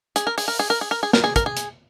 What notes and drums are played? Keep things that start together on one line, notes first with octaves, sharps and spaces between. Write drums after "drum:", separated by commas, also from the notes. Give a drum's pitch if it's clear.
G#4, drum: hi-hat
A#4
G#4, drum: open hi-hat
A#4
G#4
A#4
G#4
A#4
G#4
A#4, drum: snare
G#4
A#4, drum: kick, hi-hat
G#4
drum: hi-hat